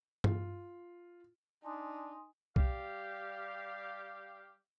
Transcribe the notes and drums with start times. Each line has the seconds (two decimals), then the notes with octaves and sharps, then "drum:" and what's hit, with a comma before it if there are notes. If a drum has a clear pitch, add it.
0.24 F4, drum: tom G2
1.63 D4 D#4 G#5 C6 D#6
2.56 G3 G4 F5, drum: kick B1